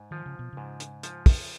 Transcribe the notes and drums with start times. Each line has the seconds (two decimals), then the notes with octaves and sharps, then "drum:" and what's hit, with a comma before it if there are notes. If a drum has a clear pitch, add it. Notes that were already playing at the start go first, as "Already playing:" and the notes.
Already playing: G#2
0.11 D#3 F3
0.26 C#3
0.39 B2
0.53 G#2 C#3
0.80 drum: hi-hat
1.03 F3, drum: hi-hat
1.26 drum: kick, open hi-hat